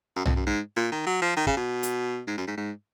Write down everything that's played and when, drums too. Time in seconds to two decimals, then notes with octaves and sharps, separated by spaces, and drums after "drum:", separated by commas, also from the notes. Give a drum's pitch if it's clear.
0.16 F#2
0.25 F2, drum: tom B1
0.36 F#2
0.46 G#2
0.76 A#2
0.92 D#3
1.06 F#3
1.22 F3
1.37 D#3
1.47 C#3, drum: kick
1.57 B2
1.83 drum: hi-hat
2.27 G#2
2.38 F#2
2.47 G#2
2.57 G#2